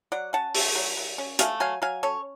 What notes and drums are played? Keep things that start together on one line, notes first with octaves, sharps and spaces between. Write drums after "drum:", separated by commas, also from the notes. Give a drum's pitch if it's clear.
F#3 D5 F#5
C#4 F#5 A5
A3, drum: open hi-hat
F#3
F#3
C#4
A3 F5 G#5, drum: hi-hat
F#3 F5 G#5
F#3 F5 G#5
C#4 A4 C#5